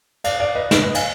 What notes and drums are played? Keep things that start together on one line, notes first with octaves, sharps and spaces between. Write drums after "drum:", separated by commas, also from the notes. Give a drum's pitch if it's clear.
D5 F5, drum: cymbal
D5 F5
B4 D#5
B4 D#5, drum: snare
B4 D#5
F5 G#5, drum: cymbal